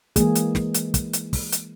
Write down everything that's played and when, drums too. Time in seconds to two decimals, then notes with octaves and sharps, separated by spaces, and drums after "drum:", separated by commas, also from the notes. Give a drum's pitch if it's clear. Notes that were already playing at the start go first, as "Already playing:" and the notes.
0.16 E3 G#3 A#3 G#4, drum: kick, hi-hat
0.35 drum: hi-hat
0.55 drum: snare
0.74 drum: hi-hat
0.94 drum: kick, hi-hat
1.13 drum: hi-hat
1.33 drum: kick, open hi-hat
1.52 drum: hi-hat